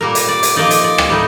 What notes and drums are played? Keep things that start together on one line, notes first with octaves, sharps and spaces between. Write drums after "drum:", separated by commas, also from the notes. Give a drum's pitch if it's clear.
A#2 G3 A#3 A#4
drum: hi-hat
D5
drum: hi-hat
F3 A#3 D#4 D5
drum: hi-hat
D5
drum: rim click
A2 G3 D#4